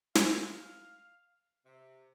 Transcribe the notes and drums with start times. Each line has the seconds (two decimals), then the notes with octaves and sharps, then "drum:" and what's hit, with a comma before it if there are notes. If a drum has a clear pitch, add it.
0.15 F5, drum: snare
1.66 C3